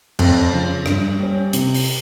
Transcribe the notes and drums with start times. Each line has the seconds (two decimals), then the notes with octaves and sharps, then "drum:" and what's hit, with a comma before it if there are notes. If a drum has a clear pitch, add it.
0.19 F2, drum: cymbal
0.52 C#3 F3
0.86 G2, drum: rim click
1.20 G3 C#4
1.53 C3, drum: hi-hat
1.74 drum: open hi-hat